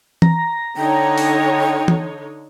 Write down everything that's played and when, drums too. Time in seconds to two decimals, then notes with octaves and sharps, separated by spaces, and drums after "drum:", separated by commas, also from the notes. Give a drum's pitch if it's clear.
0.22 A#5, drum: tom E3
0.77 D3 D#4 C#5 G5
1.18 drum: open hi-hat
1.88 drum: tom E3